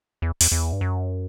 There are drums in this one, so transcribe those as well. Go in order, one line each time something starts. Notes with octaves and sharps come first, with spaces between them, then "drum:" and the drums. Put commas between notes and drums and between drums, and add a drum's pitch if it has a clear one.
E2
E2, drum: open hi-hat
E2
G2
F#2